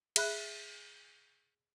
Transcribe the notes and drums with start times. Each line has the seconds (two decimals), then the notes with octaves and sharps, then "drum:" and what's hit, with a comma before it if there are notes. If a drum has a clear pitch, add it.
0.16 G#4 E5 B5 F#6, drum: cymbal